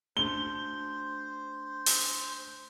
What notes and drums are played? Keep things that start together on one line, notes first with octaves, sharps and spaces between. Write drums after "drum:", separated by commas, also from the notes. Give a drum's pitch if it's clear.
A3 C#4 D4 C5 G7
drum: open hi-hat